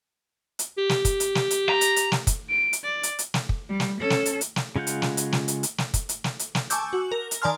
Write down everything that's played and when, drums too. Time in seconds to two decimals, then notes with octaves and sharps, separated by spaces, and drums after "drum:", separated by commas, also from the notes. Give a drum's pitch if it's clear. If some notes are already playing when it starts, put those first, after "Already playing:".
0.59 drum: hi-hat
0.78 G4
0.89 drum: snare
1.05 drum: kick, hi-hat
1.20 drum: hi-hat
1.35 drum: snare
1.51 drum: hi-hat
1.69 A#5
1.81 drum: hi-hat
1.96 drum: hi-hat
2.12 drum: snare
2.27 drum: kick, hi-hat
2.50 D7
2.73 drum: hi-hat
2.84 D5
3.03 drum: hi-hat
3.19 drum: hi-hat
3.34 drum: snare
3.49 drum: kick
3.69 G3
3.80 drum: snare
4.00 C#4 A4
4.10 drum: snare
4.26 drum: hi-hat
4.41 drum: hi-hat
4.56 drum: snare
4.76 C#3 G#3 F4 F#5 G6
4.87 drum: hi-hat
5.02 drum: snare
5.17 drum: hi-hat
5.32 drum: snare
5.48 drum: hi-hat
5.63 drum: hi-hat
5.78 drum: snare
5.94 drum: kick, hi-hat
6.09 drum: hi-hat
6.24 drum: snare
6.39 drum: hi-hat
6.55 drum: snare
6.70 G#5 A5 C#6 D6 E6 G6, drum: hi-hat
6.93 F#4
7.12 A#4
7.31 drum: hi-hat
7.42 D#3 D5 G#5 A5 C6 F6